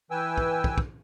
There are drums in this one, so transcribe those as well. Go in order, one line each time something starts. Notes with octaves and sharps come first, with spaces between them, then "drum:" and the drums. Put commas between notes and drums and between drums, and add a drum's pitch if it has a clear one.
E3 B4 G5 G#5 E6
drum: kick
drum: kick
drum: kick